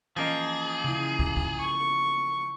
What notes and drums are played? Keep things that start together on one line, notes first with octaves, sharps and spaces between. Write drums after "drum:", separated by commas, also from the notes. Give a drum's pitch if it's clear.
E3 F3 A#3 C#4 G#4 D#5
C#3 E4
drum: kick
drum: kick
C#6